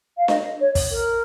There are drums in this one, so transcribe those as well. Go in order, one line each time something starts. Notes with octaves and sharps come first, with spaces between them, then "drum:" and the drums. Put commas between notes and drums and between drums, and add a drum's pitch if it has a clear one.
F5
D#5, drum: snare D4
C#5
drum: kick, open hi-hat
A#4